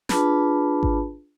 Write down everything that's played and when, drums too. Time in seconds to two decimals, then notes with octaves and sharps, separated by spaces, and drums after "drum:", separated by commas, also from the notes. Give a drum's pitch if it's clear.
0.09 D4 F4 G#4 B4 A5 B5, drum: snare
0.83 drum: kick G#1